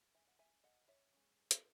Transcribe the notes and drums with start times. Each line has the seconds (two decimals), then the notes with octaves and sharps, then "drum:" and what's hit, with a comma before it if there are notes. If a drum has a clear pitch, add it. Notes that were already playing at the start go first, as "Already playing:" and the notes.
Already playing: G#3
0.15 E5 G#5
0.27 F#5
0.39 E5 G#5
0.64 D#5 F#5
0.88 C#5 E5
1.13 G#3 C#4
1.51 drum: hi-hat